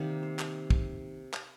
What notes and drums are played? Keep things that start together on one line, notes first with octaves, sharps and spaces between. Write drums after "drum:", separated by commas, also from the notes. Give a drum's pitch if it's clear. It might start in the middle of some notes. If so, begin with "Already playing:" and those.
Already playing: C3 D#3 A#3 D5
C5
drum: clap
drum: kick
drum: clap